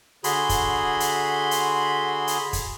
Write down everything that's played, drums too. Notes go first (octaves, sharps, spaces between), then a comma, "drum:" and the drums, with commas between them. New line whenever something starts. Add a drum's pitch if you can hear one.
D3 F#4 G#4 B5 C6, drum: hi-hat
drum: kick, hi-hat
drum: hi-hat
drum: hi-hat
drum: hi-hat
drum: kick, hi-hat